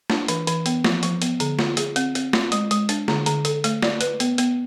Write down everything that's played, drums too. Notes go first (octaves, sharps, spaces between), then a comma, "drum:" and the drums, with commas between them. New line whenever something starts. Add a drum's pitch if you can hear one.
D4, drum: snare
E3, drum: hi-hat
E3, drum: hi-hat
B3, drum: hi-hat
F3, drum: snare
F3, drum: hi-hat
B3, drum: hi-hat
D3, drum: hi-hat
F4, drum: snare
G#4, drum: hi-hat
C4, drum: hi-hat
C4, drum: hi-hat
F4, drum: snare
G#3, drum: hi-hat
G#3, drum: hi-hat
D4, drum: hi-hat
D3, drum: snare
D3, drum: hi-hat
A4, drum: hi-hat
A3, drum: hi-hat
D5, drum: snare
B4, drum: hi-hat
B3, drum: hi-hat
B3, drum: hi-hat